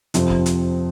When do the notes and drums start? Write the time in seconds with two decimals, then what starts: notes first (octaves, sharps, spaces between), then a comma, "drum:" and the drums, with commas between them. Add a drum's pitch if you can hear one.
0.14 F2 C3 F3 C4, drum: hi-hat
0.30 drum: kick
0.46 drum: hi-hat